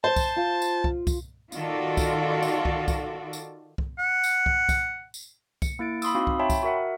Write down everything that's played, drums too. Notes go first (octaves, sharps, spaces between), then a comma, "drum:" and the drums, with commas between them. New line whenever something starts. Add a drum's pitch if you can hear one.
C5 A5
drum: kick, tambourine
F4
drum: tambourine
drum: kick
drum: kick, tambourine
D#3 F4 F#4 A4 D5, drum: tambourine
drum: kick, tambourine
drum: tambourine
drum: kick
drum: kick, tambourine
drum: tambourine
drum: kick
F#5
drum: tambourine
drum: kick
drum: kick, tambourine
drum: tambourine
C#7, drum: kick, tambourine
A#3 E4 A6 D7
B5 C6 D#6 E6, drum: tambourine
C4 D#4 F#4 F5
drum: kick
C#5 E5 G5 A5 B5 C6
drum: kick, tambourine
F#4 A#4 E5 F#5